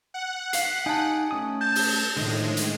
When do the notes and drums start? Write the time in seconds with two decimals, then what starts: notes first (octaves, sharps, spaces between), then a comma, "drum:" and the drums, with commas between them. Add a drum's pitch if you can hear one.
0.14 F#5
0.53 F5 C7, drum: hi-hat
0.86 D#4 G4 G#5 A5
1.31 A3 C#4 D#6
1.61 A5 G6
1.75 drum: open hi-hat
2.17 A2 D3 D#3 F3 G#3
2.57 drum: hi-hat